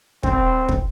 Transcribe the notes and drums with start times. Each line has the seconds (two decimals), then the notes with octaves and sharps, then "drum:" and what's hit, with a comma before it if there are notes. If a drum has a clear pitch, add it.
0.23 C4, drum: kick
0.69 drum: kick